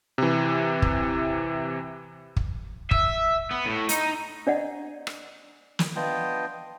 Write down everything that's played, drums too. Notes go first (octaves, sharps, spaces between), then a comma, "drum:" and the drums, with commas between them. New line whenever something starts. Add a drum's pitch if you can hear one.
C3 E3
drum: kick
drum: kick
E5, drum: kick
B3
A2
D#4, drum: hi-hat
D4 D5 D#5 F#5
drum: rim click
drum: snare
B3 D4 F4 D#5 G5